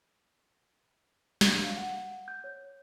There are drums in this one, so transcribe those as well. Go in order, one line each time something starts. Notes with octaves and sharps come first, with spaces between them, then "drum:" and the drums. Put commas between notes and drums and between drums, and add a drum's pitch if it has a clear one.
D4, drum: snare
F5
F#5
G6
C#5